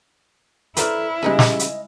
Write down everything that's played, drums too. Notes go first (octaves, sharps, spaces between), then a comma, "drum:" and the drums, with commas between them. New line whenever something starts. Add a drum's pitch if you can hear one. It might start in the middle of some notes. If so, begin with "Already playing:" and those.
E4 A4 B4 C5 D5 A#5 F6, drum: hi-hat
C#3 G3 G#3 D#4 B4 D#5
drum: snare
drum: hi-hat